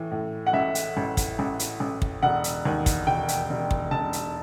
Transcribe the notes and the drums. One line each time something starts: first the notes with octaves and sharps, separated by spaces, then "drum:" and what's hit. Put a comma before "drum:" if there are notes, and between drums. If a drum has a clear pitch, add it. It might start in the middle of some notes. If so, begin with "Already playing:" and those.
Already playing: A2 E3
A2
F#5
A1 E5
drum: hi-hat
A1
drum: kick, hi-hat
A1
drum: hi-hat
A1
drum: kick
E1 F#5
drum: hi-hat
D#2
drum: kick, hi-hat
E1 G5
drum: hi-hat
E1
drum: kick
E1 A5
drum: hi-hat